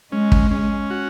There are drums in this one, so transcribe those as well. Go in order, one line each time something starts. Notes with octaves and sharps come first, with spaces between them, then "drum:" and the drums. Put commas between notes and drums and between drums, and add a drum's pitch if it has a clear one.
G#3 C#4
drum: kick
C#4
F#4